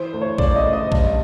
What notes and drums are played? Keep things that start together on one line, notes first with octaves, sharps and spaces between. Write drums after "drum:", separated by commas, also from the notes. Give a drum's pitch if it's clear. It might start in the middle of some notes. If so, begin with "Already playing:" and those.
Already playing: E3 C5
D2
C#5
C#3 D5, drum: kick A#1
D#5
D2
D#5
G2, drum: kick A#1